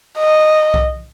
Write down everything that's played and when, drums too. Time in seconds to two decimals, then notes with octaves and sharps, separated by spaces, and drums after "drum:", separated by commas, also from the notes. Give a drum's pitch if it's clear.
0.19 D#5
0.74 drum: kick B1